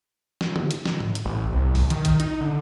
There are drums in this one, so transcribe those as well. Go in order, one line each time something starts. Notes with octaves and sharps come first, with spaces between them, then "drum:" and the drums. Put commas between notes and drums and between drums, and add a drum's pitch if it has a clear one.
drum: snare
drum: tom D3
drum: hi-hat
drum: snare
drum: tom G#2
drum: hi-hat
A1
C2
drum: kick, open hi-hat
D#3, drum: hi-hat
drum: kick, hi-hat
D#4, drum: hi-hat
D3